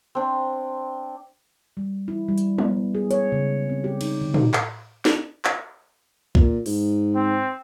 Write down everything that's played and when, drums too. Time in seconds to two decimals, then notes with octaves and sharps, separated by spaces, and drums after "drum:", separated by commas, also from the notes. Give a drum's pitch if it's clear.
0.15 C4 D4
1.77 G3
2.08 E4
2.28 G3
2.38 drum: hi-hat
2.58 B3, drum: tom
2.95 G#4
3.11 C#5, drum: hi-hat
3.32 C#3
3.69 C4
3.84 G4
4.01 D#4, drum: cymbal
4.21 D3
4.34 D#4, drum: tom
4.54 drum: clap
5.05 drum: snare
5.45 drum: clap
6.35 A#2, drum: kick B1
6.66 G#2, drum: open hi-hat
7.15 C4